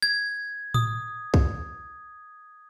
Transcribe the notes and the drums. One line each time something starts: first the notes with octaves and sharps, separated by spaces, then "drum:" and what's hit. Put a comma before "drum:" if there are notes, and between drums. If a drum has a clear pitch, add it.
G#6
D#6, drum: tom A2
drum: kick